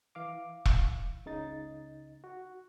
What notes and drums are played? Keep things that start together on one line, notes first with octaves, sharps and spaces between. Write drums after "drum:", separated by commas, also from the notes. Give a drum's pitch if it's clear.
E3 F5 D6
drum: kick E1
C#2 C#3 D#4 A6
F#4